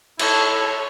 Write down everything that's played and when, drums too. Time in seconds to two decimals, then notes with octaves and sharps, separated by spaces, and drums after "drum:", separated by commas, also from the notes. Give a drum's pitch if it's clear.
0.19 E4 A4 C#5, drum: cymbal